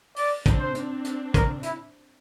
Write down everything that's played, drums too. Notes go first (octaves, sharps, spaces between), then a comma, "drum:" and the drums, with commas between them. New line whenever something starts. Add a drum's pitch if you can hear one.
D5, drum: open hi-hat
C4 D4, drum: kick, hi-hat
C5
C4 D4, drum: hi-hat
drum: hi-hat
A#4, drum: kick, hi-hat
E4, drum: hi-hat